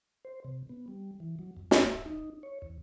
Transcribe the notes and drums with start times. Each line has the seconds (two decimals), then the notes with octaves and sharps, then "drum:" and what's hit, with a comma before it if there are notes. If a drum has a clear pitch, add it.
0.25 C5
0.45 C3
0.69 B3
0.88 G3
1.20 E3
1.39 F#3
1.57 F2
1.71 drum: snare
1.82 E5
2.06 D#4
2.43 C#5
2.62 E2